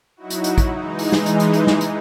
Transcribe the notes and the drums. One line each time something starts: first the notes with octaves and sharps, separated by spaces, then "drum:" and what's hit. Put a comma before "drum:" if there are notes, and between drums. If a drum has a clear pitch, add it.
F#3 D#4 E4 F#4
drum: hi-hat
drum: hi-hat
drum: kick, hi-hat
E3 G#3 D#4
drum: open hi-hat
drum: snare
drum: hi-hat
drum: hi-hat
drum: hi-hat
drum: snare
drum: hi-hat